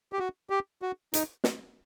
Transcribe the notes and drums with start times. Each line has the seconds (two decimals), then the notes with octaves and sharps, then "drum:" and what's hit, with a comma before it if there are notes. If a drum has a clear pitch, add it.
0.13 G4
0.19 F#4
0.50 G4
0.82 F#4
1.14 D#4, drum: hi-hat
1.44 drum: snare